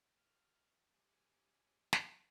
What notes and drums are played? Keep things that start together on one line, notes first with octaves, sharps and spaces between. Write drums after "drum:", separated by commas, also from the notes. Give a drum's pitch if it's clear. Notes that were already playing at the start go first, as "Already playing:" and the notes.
F6
G4 G#5
A2 C#4
drum: snare